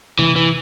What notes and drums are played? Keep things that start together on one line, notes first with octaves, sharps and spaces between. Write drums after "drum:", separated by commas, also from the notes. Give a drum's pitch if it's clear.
E3, drum: tom C3
E3